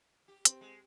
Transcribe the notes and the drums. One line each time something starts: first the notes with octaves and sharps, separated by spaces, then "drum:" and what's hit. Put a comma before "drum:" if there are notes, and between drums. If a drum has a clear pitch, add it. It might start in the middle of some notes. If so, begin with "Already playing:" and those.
G4
C4, drum: hi-hat
G#3